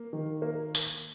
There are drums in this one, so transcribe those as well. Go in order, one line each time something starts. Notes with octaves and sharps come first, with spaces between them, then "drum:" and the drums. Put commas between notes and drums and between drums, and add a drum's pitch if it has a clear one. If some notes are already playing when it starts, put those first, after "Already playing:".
Already playing: A#3
D#3
A#3
drum: tambourine